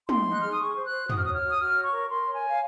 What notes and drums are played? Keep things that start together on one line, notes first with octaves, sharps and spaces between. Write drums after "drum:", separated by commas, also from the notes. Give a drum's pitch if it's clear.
D#4 C6, drum: tom
D#4
F#6
G#4 F6
D#6
G#4 C#6
C5
F#6
C5
F#4 D#6, drum: tom
F6
C#5 D#6
F6
F#4
D#6
F#4 F6
C#5
C#6
A#4
A#4 C6
C#5
G#5
C#5
F5